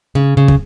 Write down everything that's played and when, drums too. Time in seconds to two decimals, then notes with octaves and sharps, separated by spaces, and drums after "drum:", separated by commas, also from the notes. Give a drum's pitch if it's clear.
0.15 C#3
0.37 C#3
0.48 drum: kick